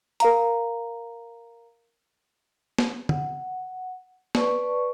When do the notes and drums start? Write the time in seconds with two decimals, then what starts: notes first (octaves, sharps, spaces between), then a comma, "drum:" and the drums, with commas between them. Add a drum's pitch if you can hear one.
0.20 A#4 F5 A#5, drum: hi-hat
2.79 drum: snare B3
3.09 F#5, drum: tom D3
4.35 B4 D5 A5 C#6, drum: snare B3